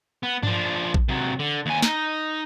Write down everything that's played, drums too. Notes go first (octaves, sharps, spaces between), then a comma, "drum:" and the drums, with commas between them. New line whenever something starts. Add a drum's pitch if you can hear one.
B3
F3 D4, drum: tom G2
drum: kick A#1
C3 F#3
D3
D#2 G#5
D#4, drum: snare